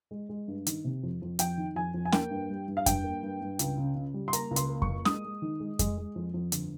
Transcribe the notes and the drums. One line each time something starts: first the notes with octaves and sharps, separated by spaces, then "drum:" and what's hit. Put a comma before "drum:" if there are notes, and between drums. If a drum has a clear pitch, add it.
G#3
G#3
G2
D#3, drum: hi-hat
C3
F2
F2
F2 G5, drum: hi-hat
D#3
F2 G#5
F2
G#5
A#3 G5, drum: snare
G2
G3
G2
F5
G2 G5, drum: kick F2, hi-hat
A#3
G2
G2
C#2, drum: hi-hat
C#3
C#3
G3
C6
A#3 A#5, drum: hi-hat
C#2
C6, drum: hi-hat
A#3
C#6, drum: kick F2
A#3
G#3 D#6, drum: snare
G#3
D#3
G#3
G#3, drum: kick F2, hi-hat
G#3
F2
F2
G1, drum: hi-hat